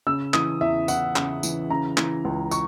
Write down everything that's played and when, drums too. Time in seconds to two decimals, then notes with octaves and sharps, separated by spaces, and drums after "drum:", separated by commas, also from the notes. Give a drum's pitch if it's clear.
0.07 C#3 E6
0.34 E3 D#6, drum: clap
0.61 E2 E5
0.88 E2 F#5, drum: tambourine
1.16 C#3, drum: clap
1.43 E3, drum: tambourine
1.70 C#3 A#5
1.97 E3, drum: clap
2.25 C#2
2.51 C#6, drum: tambourine